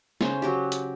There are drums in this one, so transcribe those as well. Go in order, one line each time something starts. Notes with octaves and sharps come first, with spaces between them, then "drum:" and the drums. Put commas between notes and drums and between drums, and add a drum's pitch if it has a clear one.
C#3 C5 C#5, drum: snare
F#3 F#4 G4
drum: hi-hat